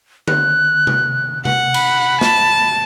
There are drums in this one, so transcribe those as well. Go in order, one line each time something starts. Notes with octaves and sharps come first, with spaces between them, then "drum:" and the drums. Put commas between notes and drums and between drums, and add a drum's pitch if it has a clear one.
F#6, drum: tom D3
drum: tom C3
F#5, drum: tom C3
B5, drum: cymbal
A5, drum: snare